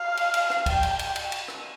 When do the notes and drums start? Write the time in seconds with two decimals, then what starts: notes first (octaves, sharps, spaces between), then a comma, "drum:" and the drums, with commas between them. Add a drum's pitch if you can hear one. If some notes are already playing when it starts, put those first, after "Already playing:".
Already playing: F5
0.17 drum: cymbal
0.34 drum: cymbal
0.50 drum: rim click
0.66 G5, drum: kick, cymbal
0.83 drum: cymbal
0.99 drum: cymbal
1.16 drum: cymbal
1.32 drum: cymbal
1.48 drum: rim click